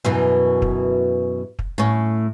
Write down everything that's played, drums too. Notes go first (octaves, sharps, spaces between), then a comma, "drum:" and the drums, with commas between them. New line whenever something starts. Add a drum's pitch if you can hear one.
F#2 B2 E3
drum: kick
drum: kick
A2 C#4